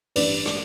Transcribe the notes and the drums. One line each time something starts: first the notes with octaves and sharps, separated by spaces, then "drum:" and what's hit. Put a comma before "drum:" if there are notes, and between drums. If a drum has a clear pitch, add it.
A1 G2 E3 B4 D5, drum: open hi-hat
drum: rim click